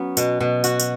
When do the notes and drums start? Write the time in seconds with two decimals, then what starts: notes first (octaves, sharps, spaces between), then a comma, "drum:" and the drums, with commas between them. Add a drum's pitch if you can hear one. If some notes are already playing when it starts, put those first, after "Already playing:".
Already playing: F#3 B3 C#4
0.17 B2, drum: tambourine
0.40 B2
0.64 F#4, drum: tambourine
0.80 drum: tambourine